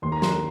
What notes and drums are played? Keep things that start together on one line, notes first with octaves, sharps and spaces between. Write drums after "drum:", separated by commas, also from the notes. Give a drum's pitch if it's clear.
D#2 D#3 A#3 C6
A#5
C6, drum: snare